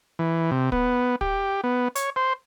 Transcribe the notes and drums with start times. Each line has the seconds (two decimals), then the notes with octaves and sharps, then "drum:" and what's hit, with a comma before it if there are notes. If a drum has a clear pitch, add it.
0.19 E3
0.51 C3
0.72 B3, drum: kick
1.21 G4, drum: kick
1.64 B3
1.95 C#5, drum: hi-hat
2.16 C5